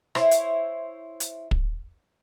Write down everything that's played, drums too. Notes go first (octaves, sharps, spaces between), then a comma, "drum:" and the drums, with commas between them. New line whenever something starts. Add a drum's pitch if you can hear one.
E4 C5 C#5 E5, drum: rim click
drum: hi-hat
drum: hi-hat
drum: kick